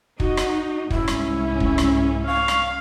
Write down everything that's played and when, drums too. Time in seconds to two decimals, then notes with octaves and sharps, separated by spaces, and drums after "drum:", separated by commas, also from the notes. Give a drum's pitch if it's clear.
0.20 D#4 F#4, drum: kick
0.37 drum: rim click
0.90 C2 G#2 C#4 E4, drum: kick
1.08 drum: rim click
1.60 drum: kick
1.78 drum: rim click
2.27 F5 C#6
2.48 drum: rim click